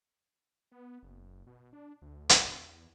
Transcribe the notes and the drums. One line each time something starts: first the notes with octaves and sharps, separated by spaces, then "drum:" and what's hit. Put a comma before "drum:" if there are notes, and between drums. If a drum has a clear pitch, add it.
B3
F#1
B2
D4
D2
drum: hi-hat
E2